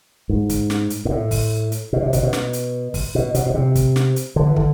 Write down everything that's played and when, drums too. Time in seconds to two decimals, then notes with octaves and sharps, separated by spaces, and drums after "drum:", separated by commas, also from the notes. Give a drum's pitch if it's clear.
0.29 G#2
0.49 drum: kick, hi-hat
0.70 drum: snare
0.90 drum: hi-hat
1.05 G#2
1.11 A2
1.31 drum: kick, open hi-hat
1.72 drum: hi-hat
1.93 B2
2.02 C3
2.13 B2, drum: kick, hi-hat
2.23 B2
2.33 drum: snare
2.53 drum: hi-hat
2.94 drum: kick, open hi-hat
3.15 B2
3.35 B2, drum: hi-hat
3.46 B2
3.54 C3
3.75 drum: kick, hi-hat
3.96 drum: snare
4.16 drum: hi-hat
4.36 D3
4.47 E3
4.56 D3, drum: kick